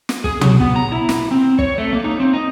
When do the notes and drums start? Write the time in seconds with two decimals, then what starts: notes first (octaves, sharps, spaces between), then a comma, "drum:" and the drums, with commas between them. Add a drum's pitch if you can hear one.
0.09 drum: snare
0.24 G#4, drum: kick
0.41 F#3, drum: tom
0.60 B3, drum: kick
0.76 A#5
0.92 E4
1.09 drum: snare
1.31 C4
1.59 C#5, drum: kick
1.78 A3
1.93 A#3
2.04 D#4
2.20 C4
2.33 D#4